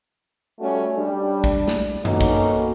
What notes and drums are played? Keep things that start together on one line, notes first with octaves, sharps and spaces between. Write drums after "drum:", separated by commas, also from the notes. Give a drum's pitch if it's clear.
G3 A3 C#4 F#4 A4
G3 D4
drum: kick
drum: snare
A#3 B3 C#4 D#4 F#4 A4, drum: tom F#2
drum: kick